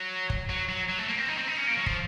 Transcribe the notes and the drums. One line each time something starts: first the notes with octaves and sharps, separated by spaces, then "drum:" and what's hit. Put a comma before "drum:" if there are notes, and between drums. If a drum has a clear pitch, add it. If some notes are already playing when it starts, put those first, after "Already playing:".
Already playing: F#3
drum: kick
F#3
F#3
F#3
A3
A#3
C4
D#4
C4
D#4
C#4
A#3
F#3
F3, drum: kick